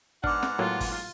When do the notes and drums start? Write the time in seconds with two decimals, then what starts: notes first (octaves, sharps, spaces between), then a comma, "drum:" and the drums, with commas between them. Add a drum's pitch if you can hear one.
0.24 G#2 B3 D4 F#5 D6 F6, drum: kick
0.43 drum: snare
0.59 A2 F#3 A#3 F4
0.80 drum: kick, open hi-hat